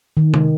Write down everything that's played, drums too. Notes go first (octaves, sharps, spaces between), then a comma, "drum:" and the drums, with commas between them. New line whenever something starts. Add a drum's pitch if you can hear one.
D#3
drum: tom C3